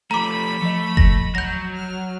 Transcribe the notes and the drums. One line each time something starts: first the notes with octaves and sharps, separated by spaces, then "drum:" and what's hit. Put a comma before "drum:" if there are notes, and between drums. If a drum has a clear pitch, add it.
F3 A3 A#5 B5 D6
F3 A3 D#5
A#6, drum: kick F#1
F#3 G6 A#6
F6